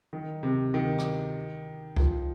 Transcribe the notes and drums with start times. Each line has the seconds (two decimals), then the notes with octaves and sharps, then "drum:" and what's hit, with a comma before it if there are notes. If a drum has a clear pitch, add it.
0.13 D#3
0.43 C3
0.74 D#3
0.98 drum: rim click
1.96 F3, drum: kick C2